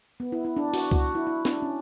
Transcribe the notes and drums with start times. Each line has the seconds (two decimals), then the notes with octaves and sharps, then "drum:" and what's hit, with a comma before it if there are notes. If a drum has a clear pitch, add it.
0.20 B3
0.32 E4
0.45 E4
0.57 D4
0.74 F#4, drum: open hi-hat
0.91 F#4, drum: kick C#2
1.15 E4
1.27 E4
1.45 D4, drum: snare
1.62 C#4